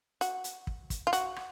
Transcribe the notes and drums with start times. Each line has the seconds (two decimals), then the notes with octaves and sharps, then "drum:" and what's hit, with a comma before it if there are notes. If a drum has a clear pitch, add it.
0.21 F#4, drum: hi-hat
0.44 drum: hi-hat
0.67 drum: kick
0.90 drum: kick, hi-hat
1.07 F4
1.13 F#4, drum: hi-hat
1.36 drum: rim click